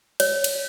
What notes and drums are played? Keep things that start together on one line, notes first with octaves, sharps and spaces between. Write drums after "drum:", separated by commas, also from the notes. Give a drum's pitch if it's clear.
C#5, drum: cymbal
drum: cymbal